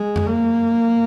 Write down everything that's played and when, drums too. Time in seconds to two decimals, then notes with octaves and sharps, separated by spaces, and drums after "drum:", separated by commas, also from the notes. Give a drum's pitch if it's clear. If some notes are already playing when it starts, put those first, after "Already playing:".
Already playing: G#3
0.16 drum: tom F2
0.26 A#3